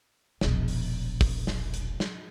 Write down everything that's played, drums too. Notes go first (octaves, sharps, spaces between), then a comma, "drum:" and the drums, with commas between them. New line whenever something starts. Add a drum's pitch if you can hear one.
E1 A#1, drum: snare
drum: open hi-hat
drum: kick, open hi-hat
drum: snare
drum: hi-hat
drum: snare